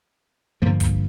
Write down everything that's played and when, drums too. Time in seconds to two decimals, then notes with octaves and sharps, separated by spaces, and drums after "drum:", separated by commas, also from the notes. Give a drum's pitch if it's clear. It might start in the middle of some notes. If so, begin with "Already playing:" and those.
0.62 G2 D3 F3 A#3
0.80 drum: kick, hi-hat